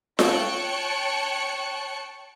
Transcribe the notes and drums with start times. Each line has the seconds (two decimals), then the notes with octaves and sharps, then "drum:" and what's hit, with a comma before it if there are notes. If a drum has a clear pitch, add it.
0.19 C#5 G5 A5 C#6 F#6 C#7, drum: snare F4